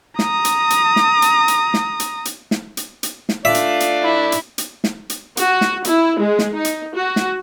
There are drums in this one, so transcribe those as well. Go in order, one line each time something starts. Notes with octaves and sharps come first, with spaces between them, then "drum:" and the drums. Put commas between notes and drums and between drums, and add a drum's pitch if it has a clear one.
A#5 D#6, drum: snare
drum: hi-hat
drum: hi-hat
drum: snare
drum: hi-hat
drum: hi-hat
drum: snare
drum: hi-hat
drum: hi-hat
drum: snare
drum: hi-hat
drum: hi-hat
drum: snare
A3 D4 F4 D5 E5
drum: hi-hat
drum: hi-hat
E4
drum: hi-hat
drum: hi-hat
drum: snare
drum: hi-hat
F#4, drum: hi-hat
drum: snare
E4, drum: hi-hat
G#3
drum: snare
D#4
drum: hi-hat
F#4
drum: snare